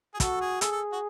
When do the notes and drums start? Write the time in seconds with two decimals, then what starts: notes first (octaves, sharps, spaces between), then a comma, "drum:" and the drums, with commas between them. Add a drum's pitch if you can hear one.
0.14 G#4
0.20 F#4 A4, drum: kick, hi-hat
0.41 G#4
0.61 G#4 A4, drum: hi-hat
0.72 A4
0.92 F#4